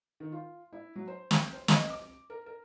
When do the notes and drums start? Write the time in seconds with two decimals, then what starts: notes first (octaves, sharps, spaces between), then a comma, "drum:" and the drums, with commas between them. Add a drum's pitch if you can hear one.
0.20 D#3
0.32 F4
0.73 E4
0.96 F#3
1.08 C5
1.31 G5, drum: snare
1.53 C5
1.68 D#5, drum: snare
1.90 D6
2.30 A#4
2.46 A#4